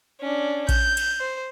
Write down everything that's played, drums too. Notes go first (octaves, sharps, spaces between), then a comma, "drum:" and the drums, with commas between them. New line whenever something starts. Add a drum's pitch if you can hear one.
C#4 D4
G6, drum: kick A#1, cymbal
drum: cymbal
C5